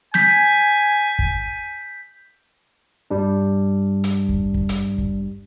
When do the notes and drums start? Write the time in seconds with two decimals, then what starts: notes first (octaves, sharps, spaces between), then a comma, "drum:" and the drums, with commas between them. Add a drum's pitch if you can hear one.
0.14 G#5 G6 B6, drum: snare
1.19 drum: kick
3.10 G2 G3 D4
4.04 drum: hi-hat
4.29 drum: kick
4.54 drum: kick
4.69 drum: hi-hat
4.98 drum: kick